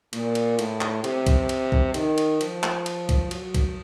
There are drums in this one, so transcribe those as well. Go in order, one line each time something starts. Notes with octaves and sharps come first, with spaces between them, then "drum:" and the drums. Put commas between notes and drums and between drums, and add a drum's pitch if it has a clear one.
A#2, drum: cymbal
drum: cymbal
A2, drum: cymbal
drum: clap
C3, drum: cymbal
drum: kick B1, cymbal
drum: cymbal
drum: kick B1
D#3, drum: cymbal
drum: cymbal
F3, drum: cymbal
drum: clap
drum: cymbal
drum: kick B1, cymbal
F#3, drum: cymbal
drum: kick B1, cymbal